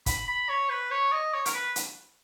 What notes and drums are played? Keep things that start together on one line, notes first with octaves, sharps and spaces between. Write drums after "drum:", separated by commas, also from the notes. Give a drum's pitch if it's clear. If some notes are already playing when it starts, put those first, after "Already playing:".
B5, drum: kick, hi-hat
B5
C#5
B4
C#5
D#5
C#5
A#4, drum: hi-hat
B4
drum: hi-hat